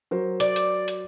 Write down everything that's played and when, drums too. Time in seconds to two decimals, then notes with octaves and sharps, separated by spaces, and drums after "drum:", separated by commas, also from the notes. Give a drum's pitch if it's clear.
0.11 F#3 A#4 C5
0.40 D5, drum: hi-hat
0.56 drum: hi-hat
0.88 drum: hi-hat